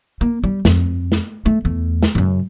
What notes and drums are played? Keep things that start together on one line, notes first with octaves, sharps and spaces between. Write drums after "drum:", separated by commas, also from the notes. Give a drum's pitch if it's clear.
A#3
G3
F2, drum: snare
drum: snare
A3
E2 A3
drum: snare
F#2 C#3